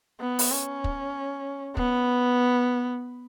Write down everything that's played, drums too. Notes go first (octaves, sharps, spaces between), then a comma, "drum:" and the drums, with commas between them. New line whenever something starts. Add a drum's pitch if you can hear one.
B3
drum: open hi-hat
C#4
drum: kick
B3, drum: kick